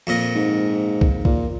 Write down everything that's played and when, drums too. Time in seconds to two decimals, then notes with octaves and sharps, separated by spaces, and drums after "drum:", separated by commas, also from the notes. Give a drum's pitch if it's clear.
0.07 F2 A#2 D#5
0.35 G#2
1.01 drum: kick B1
1.25 A#2, drum: kick B1